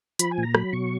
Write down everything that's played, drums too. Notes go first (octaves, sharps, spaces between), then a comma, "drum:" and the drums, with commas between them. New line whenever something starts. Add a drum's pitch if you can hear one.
F3 B5, drum: hi-hat
G#5
A#2
A#5
F#3 B5, drum: rim click
B2 C#6